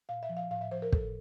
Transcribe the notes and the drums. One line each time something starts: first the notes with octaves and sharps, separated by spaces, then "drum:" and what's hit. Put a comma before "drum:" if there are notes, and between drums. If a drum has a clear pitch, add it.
A#2 F5
E5
F3
F5
A2 F5
E5
F3 C5
A#4
A2 A4, drum: kick